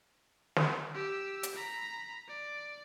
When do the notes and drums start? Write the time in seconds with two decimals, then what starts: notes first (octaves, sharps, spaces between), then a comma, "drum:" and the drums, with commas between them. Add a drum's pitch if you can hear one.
0.56 drum: snare
0.94 G4 E6
1.43 drum: hi-hat
1.54 A#5 B5
2.28 D5